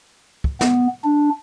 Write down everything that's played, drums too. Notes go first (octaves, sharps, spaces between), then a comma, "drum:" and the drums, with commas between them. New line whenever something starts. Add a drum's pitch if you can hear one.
drum: kick
B3, drum: snare
D4